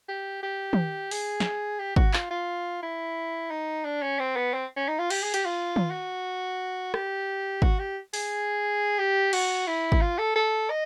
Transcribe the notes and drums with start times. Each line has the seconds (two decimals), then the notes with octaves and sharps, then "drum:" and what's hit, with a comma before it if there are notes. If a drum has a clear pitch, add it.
0.08 G4
0.43 G4
0.73 drum: tom
1.11 G#4, drum: open hi-hat
1.40 drum: snare
1.79 G4
1.96 F#4, drum: kick G#1
2.13 F4, drum: clap
2.31 F4
2.83 E4
3.50 D#4
3.85 D4
4.02 C#4
4.19 C4
4.36 B3
4.54 C4
4.77 C#4
4.88 D#4
4.99 F4
5.10 G4, drum: cymbal
5.22 G#4
5.34 G4, drum: hi-hat
5.45 F4
5.76 drum: tom
5.91 F#4
6.94 G4, drum: rim click
7.62 F#4, drum: kick G#1
7.79 G4
8.14 G#4, drum: open hi-hat
8.99 G4
9.33 F#4, drum: cymbal
9.67 E4
9.92 drum: kick G#1
10.01 F4
10.18 A4
10.36 A4
10.70 D#5